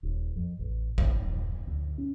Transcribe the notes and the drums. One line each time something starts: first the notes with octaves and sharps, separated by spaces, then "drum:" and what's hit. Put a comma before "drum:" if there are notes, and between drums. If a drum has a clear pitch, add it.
D#1
F2
A1
G1, drum: kick
D#1
D2
C#4